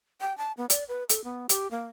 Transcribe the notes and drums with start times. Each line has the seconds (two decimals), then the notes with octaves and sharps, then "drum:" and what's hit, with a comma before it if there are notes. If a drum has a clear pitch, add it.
0.21 G5
0.38 A5
0.57 B3
0.70 D5, drum: hi-hat
0.89 B4
1.09 A4, drum: hi-hat
1.24 B3
1.49 G4, drum: hi-hat
1.71 A#3